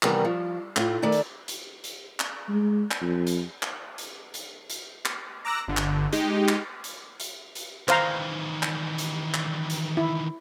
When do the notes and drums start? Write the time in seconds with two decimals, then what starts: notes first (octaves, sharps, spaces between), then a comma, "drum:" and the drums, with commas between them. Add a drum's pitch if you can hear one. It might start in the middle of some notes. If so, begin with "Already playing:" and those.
0.03 C3 D#3 E3 G3 B3 A#4, drum: clap
0.25 F3
0.76 A2 F4, drum: clap
1.02 D#3 A3 D5 A5
1.12 drum: hi-hat
1.48 drum: hi-hat
1.84 drum: hi-hat
2.20 drum: clap
2.49 G#3
2.91 drum: clap
3.01 F2
3.27 drum: hi-hat
3.62 drum: clap
3.98 drum: hi-hat
4.34 drum: hi-hat
4.70 drum: hi-hat
5.05 drum: clap
5.45 A#5 D6 E6 F#6 A#6
5.68 G1 D3
5.77 drum: clap
6.13 G#3 D#4 G4, drum: hi-hat
6.48 drum: clap
6.84 drum: hi-hat
7.20 drum: hi-hat
7.55 drum: hi-hat
7.88 D#3 E3 C5 F5 A#5, drum: clap
8.63 drum: clap
8.98 drum: hi-hat
9.34 drum: clap
9.70 drum: hi-hat
9.97 E4